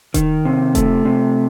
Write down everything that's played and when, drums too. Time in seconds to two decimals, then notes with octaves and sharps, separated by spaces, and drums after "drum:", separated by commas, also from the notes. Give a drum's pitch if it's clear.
0.14 D#3, drum: kick D#1, hi-hat
0.45 C3
0.75 A3, drum: kick D#1, hi-hat
1.05 C3